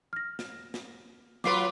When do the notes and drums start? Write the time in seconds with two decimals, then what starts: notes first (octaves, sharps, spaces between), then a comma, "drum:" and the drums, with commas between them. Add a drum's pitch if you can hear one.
0.13 F6 A#6
0.39 drum: snare
0.74 drum: snare
1.44 F#3 F4 B4 D6 C7 D7, drum: snare